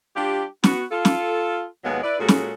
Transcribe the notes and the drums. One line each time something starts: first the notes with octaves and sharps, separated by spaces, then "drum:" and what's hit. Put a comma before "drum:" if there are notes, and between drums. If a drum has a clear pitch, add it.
G3 D4 F4 G4
B3 F#4, drum: snare
F4 A4
drum: snare
D#2 B2 F#3 G#3 B3
E4 B4 D5
A#2 G#3 C#4 F#4 G#4 A4
drum: snare